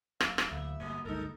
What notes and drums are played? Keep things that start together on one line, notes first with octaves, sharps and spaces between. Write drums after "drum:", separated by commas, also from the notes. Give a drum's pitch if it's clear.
F#3 A#3 E5, drum: rim click
drum: rim click
D2 A2
G1 B2 A#3 B3
G1 C#2 G#3 D#4 A4 A#4